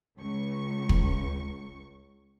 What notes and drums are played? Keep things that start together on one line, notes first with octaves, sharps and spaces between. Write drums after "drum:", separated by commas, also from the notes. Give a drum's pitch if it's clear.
C#2 C#6
drum: kick